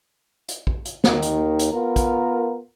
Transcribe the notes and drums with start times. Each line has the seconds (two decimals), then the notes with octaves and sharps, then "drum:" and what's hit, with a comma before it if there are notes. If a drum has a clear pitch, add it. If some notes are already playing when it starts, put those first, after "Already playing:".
0.48 drum: hi-hat
0.67 drum: kick
0.85 drum: hi-hat
1.04 D#2 D#3, drum: snare
1.22 drum: hi-hat
1.59 drum: hi-hat
1.72 B3 F4 A#4
1.96 drum: kick, hi-hat